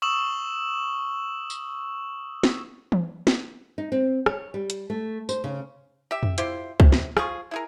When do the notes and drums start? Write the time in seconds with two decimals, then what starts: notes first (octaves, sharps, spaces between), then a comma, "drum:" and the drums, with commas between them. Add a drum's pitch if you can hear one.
0.02 C#6 D#6 E6 E7 F#7
1.50 drum: tambourine
2.43 drum: snare
2.92 drum: tom E3
3.27 drum: snare
3.78 D#4
3.92 C4
4.26 C#5, drum: rim click
4.54 G3
4.70 drum: hi-hat
4.90 A3
5.29 C5, drum: tambourine
5.44 C#3
6.11 G4 E5
6.23 drum: tom F2
6.38 E4 F4 G4 C5, drum: hi-hat
6.80 C3, drum: kick C2
6.92 drum: snare
7.17 F3 F4 G#4 C#6, drum: rim click
7.51 E4 G#4 A#4